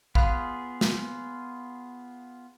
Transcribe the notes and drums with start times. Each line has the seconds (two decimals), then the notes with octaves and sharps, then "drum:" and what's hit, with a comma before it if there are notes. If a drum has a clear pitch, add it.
0.15 B3 F4 G#4 F5 B5 F#6, drum: kick
0.81 drum: snare